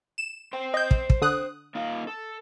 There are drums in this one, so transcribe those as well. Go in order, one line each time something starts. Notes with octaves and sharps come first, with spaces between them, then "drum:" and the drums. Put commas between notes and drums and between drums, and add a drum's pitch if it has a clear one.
E7
C5 G5
D#5 G6
drum: kick
drum: kick
D3 D#6 F#6
A#3 D#4 F4
A4